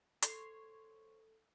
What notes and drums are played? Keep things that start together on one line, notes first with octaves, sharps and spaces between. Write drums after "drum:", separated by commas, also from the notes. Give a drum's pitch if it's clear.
A4 C5 C#5 C6, drum: hi-hat